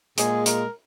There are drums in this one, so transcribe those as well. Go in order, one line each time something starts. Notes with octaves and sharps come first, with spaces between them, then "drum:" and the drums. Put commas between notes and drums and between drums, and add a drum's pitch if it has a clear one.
A#2 G#3 G#4, drum: hi-hat
A#4, drum: hi-hat